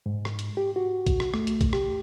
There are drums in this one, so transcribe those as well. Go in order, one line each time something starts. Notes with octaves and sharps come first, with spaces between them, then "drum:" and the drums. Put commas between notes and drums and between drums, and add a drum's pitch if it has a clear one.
G#2
drum: rim click
drum: hi-hat
G4
F#4
drum: kick A#1, hi-hat
drum: rim click
A3, drum: rim click
drum: hi-hat
drum: kick A#1, hi-hat
G4, drum: rim click